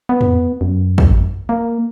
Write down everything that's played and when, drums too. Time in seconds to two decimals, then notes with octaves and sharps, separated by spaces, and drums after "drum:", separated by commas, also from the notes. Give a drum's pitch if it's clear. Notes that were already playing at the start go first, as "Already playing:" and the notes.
0.09 B3
0.21 drum: tom
0.61 F#2
0.98 drum: kick
1.49 A#3